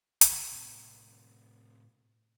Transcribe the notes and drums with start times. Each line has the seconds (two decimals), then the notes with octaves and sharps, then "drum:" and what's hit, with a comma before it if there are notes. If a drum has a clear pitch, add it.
0.21 drum: hi-hat
0.53 A2 C3